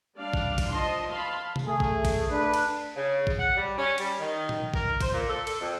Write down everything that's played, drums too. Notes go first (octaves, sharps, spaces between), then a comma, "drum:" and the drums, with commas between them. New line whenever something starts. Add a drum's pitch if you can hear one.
G3 D4 D5 F5
drum: kick A1
drum: kick A1, cymbal
F3 D#5 A5 C6
F5 A5 B5 C6
drum: tom C3
A3 G#4
drum: kick A1
drum: kick A1, cymbal
D4 B4
drum: cymbal
C#3
drum: kick A1
F#5
G3
C#4
G3, drum: cymbal
D#3
drum: tom A#2
A#4, drum: kick A1
C5, drum: kick A1, cymbal
A#2
A4
drum: cymbal
F2